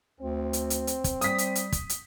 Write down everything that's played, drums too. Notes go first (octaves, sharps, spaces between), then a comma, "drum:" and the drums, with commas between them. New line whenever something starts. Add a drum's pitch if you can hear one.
D2 C4
drum: hi-hat
drum: hi-hat
drum: hi-hat
drum: kick, hi-hat
G3 D#6 B6, drum: hi-hat
drum: hi-hat
drum: hi-hat
drum: kick, hi-hat
drum: hi-hat